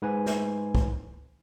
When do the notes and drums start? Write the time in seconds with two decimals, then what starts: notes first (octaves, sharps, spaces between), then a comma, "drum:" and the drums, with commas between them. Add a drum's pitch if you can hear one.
0.02 G#2 B4 G#5
0.26 drum: snare
0.75 drum: kick